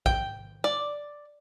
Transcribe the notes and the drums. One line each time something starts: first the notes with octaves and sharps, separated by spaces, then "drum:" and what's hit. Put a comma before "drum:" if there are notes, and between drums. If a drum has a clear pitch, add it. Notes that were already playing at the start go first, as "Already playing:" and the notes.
G5, drum: kick A1
D5